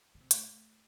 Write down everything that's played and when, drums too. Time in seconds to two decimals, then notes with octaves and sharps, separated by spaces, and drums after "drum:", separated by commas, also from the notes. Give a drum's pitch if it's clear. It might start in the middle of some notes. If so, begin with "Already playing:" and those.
0.15 D3
0.20 C3
0.31 A2, drum: hi-hat